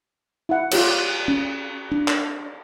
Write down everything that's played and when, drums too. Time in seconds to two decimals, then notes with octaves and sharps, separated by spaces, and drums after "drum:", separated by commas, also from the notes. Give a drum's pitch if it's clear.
0.49 E4 F#5
0.71 F4 G4 C#5, drum: cymbal
1.28 C#4
1.91 D4
2.08 drum: clap